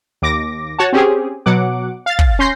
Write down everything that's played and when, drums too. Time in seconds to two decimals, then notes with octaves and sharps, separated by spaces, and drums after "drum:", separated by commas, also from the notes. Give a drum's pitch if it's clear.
0.22 D#2 D6 A#6
0.79 F#4 C#5 F#5 A5
0.93 C4 C#4 G4 G#4
1.46 B2 F#3 F#5 D6
2.06 F5 A6
2.19 drum: kick
2.39 C#4 C6 G6 A#6 C7